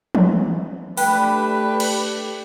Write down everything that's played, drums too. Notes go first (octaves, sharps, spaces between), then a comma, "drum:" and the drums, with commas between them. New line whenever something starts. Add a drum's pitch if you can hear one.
drum: tom E3
A3 D4 G4 B4 G5 B5 F#6, drum: open hi-hat
drum: cymbal